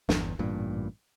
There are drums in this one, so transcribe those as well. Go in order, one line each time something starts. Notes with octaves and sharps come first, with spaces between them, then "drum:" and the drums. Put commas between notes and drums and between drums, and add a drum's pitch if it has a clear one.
G1 E2, drum: snare
A1 G2 A#2